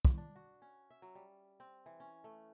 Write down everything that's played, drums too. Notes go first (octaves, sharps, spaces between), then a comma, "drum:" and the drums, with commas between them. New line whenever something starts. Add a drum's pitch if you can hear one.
drum: kick
D4
F#4
C#4
E5
F#3
G3
C4
E3
C#4
A3